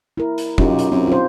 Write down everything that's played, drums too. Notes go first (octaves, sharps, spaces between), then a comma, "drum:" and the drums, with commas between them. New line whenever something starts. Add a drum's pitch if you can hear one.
E4 A#4
drum: hi-hat
F#2 D#4 F4 G4, drum: kick
drum: hi-hat
F#2 C4
F4 C5